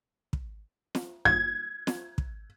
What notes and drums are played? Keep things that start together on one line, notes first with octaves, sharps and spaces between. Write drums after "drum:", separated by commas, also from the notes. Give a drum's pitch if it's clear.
drum: kick
drum: snare
G#6, drum: kick
drum: snare
drum: kick